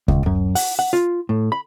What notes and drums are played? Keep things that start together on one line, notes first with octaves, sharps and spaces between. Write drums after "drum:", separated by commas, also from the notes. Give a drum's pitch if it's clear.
C#2, drum: kick D2
F#2
F#5, drum: open hi-hat
F#5
F4
A2
B5